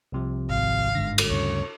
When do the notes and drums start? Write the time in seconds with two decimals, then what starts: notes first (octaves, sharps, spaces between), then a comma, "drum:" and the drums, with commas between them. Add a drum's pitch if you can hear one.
0.12 C2 C3 F3
0.50 G#1 F5
0.95 G1 G#2 D3 A#6
1.18 drum: cymbal
1.30 D2 G2 C#3 C#5